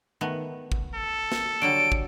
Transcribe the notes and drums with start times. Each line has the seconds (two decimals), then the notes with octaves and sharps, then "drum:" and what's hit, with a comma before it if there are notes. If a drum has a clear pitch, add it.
0.21 D#3 A3 B3
0.72 drum: kick
0.94 A4
1.32 drum: snare
1.62 D3 F#3 G3 D7
1.92 drum: kick